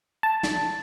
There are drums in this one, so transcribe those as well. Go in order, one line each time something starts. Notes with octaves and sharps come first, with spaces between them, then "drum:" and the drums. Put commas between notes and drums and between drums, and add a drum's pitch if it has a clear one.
A5
drum: snare